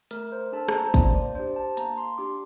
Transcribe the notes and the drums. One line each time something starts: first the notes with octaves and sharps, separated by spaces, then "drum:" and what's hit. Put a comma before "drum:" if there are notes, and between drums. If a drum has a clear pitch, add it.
A3 A#4, drum: hi-hat
C5
D4 A4 A5
A5, drum: rim click
A#5
C5
A#3 D5, drum: kick, hi-hat
D5
D4 G4 C5
A5
A#3 A#5, drum: hi-hat
C6
D4 G4 D6